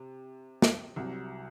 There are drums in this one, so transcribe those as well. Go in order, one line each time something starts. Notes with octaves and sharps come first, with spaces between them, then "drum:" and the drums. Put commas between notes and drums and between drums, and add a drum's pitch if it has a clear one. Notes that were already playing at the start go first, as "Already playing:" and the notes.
Already playing: C3
drum: snare
C2 C3 F#3